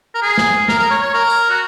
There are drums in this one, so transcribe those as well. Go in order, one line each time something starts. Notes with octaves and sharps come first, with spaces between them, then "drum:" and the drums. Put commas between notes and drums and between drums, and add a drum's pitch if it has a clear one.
A#4
G#4
drum: snare
A#4, drum: snare
A#4
C#5
C#5
A#4
drum: tambourine
F#4